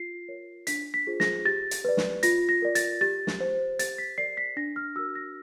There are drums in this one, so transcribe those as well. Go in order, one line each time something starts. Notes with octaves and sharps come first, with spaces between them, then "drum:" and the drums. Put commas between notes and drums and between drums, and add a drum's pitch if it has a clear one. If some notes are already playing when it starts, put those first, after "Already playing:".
Already playing: F4 C7
A#4 C#5
D4 B6, drum: hi-hat
B6
F4 G#4 C5
A#6, drum: snare
G4 A6
drum: hi-hat
B4 D5
drum: snare
F4 A#6, drum: hi-hat
A#6
A#4 D5
A6, drum: hi-hat
G4 A6
drum: snare
C5
G4 A6, drum: hi-hat
B6
A#4 D5 C7
B6
D4 A#6
F6
F#4 A#4 E6
A#6